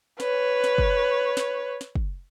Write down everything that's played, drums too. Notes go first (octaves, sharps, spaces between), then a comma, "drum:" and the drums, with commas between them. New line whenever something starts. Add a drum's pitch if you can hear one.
B4 C#5, drum: snare
drum: snare
drum: kick
drum: snare
drum: snare
drum: kick